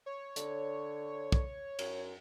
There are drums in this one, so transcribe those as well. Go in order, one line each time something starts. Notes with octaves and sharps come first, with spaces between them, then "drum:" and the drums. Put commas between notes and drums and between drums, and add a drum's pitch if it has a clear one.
C#5
D3, drum: hi-hat
drum: kick
F#2, drum: cymbal